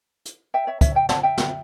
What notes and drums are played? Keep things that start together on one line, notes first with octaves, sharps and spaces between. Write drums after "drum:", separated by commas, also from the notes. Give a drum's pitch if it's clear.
drum: hi-hat
E5 G5
C#5 E5
C#5 E5, drum: kick, hi-hat
E5 G5
F#5 A5, drum: snare
E5 G5
drum: snare